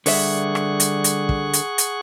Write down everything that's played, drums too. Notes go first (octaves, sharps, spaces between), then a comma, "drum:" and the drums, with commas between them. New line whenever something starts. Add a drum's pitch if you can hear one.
D3 G3 G#4 B4 E5 F#5 C#6, drum: open hi-hat
drum: rim click
drum: hi-hat
drum: hi-hat
drum: kick
drum: hi-hat
drum: hi-hat